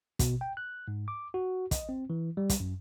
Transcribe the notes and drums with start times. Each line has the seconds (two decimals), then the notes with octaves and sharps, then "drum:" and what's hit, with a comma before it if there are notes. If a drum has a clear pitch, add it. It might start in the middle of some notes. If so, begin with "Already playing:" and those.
0.19 B2, drum: kick, hi-hat
0.41 G5
0.57 F#6
0.88 G#2
1.08 D6
1.34 F#4
1.71 D#5, drum: kick, hi-hat
1.89 C4
2.10 E3
2.37 G3
2.50 drum: kick, hi-hat
2.60 F#2